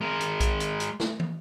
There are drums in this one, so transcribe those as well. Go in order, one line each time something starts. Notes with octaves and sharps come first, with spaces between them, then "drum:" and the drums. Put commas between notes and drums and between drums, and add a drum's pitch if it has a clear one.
G#3 A#4
drum: hi-hat
drum: kick A#1, hi-hat
drum: hi-hat
drum: hi-hat
drum: snare
drum: tom